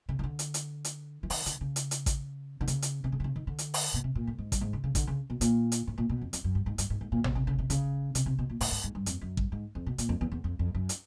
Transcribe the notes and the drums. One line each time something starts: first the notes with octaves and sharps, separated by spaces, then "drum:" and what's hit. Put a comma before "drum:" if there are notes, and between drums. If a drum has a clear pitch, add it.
C#3
D#3
D3
drum: hi-hat
drum: hi-hat
drum: hi-hat
E3
D#3, drum: open hi-hat
D3, drum: hi-hat
C#3
drum: hi-hat
drum: hi-hat
drum: kick A1, hi-hat
D3
C#3, drum: hi-hat
drum: hi-hat
C3
C#3
D3
C#3
D#3
D3
drum: hi-hat
drum: open hi-hat
B2
C3
A#2
A2
G#2
G2, drum: kick A1, hi-hat
G#2
C#3
C#3
D3, drum: kick A1, hi-hat
C#3
B2
A#2, drum: hi-hat
drum: hi-hat
A2
A#2
B2
F2
F2, drum: hi-hat
F#2
G2
G#2
G2, drum: hi-hat
G#2
G#2
A#2
B2, drum: tom
C3
C#3
C3
C#3, drum: hi-hat
C3, drum: hi-hat
C3
B2
A#2
A2, drum: open hi-hat
G#2
G#2
G2
F2, drum: hi-hat
F#2
G2, drum: kick A1
G#2
F2
B2
A#2, drum: hi-hat
F2
E2
E2
F2
F2
F#2
drum: hi-hat